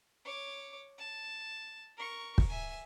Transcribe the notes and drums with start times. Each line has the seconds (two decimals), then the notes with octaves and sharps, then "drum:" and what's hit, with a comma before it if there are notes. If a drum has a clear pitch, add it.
0.25 C#5 D6
0.98 A5
1.97 A#4 C#6
2.38 drum: kick
2.49 E5 G#5